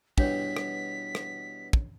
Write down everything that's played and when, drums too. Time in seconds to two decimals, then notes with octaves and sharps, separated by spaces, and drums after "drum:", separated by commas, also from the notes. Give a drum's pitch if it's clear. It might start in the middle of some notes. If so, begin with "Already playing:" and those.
0.18 B2 E3 G3 D4 C#5 B6, drum: kick
0.57 drum: rim click
1.15 drum: rim click
1.73 drum: kick